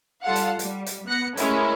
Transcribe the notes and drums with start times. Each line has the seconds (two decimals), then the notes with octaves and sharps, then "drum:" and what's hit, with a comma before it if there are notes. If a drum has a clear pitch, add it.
0.24 G3 F4 A4 F5 F#5
0.36 drum: hi-hat
0.59 G3, drum: hi-hat
0.86 drum: hi-hat
1.07 B3 F#6 A#6 C#7
1.37 G#3 A3 C#4 E4 A#4, drum: hi-hat